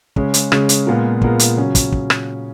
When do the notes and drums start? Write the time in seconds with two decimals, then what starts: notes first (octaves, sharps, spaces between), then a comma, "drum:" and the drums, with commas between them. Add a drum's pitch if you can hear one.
0.16 C#3 G#3 C#4, drum: kick
0.34 drum: hi-hat
0.52 C#3 G#3 C#4, drum: rim click
0.69 drum: hi-hat
0.87 A#2 G#3 B3 F4 A#4
1.21 A#2 G#3 B3 F4 A#4, drum: kick
1.39 drum: hi-hat
1.57 C#3 F#3 C#4
1.75 drum: kick, hi-hat
1.92 drum: kick
2.10 drum: rim click